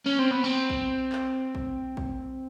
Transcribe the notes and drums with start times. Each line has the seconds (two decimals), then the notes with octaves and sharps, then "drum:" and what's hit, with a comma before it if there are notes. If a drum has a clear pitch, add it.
0.06 C#4
0.19 C4
0.31 B3
0.44 C4
0.70 drum: kick A#1
1.12 drum: clap
1.55 drum: kick A#1
1.97 drum: kick A#1